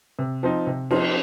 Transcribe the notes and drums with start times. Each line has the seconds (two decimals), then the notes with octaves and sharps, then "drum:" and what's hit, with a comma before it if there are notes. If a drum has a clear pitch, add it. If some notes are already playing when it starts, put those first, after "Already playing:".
0.19 C3
0.43 F3 C4 D#4
0.67 C3
0.91 F3 C4 D#4, drum: cymbal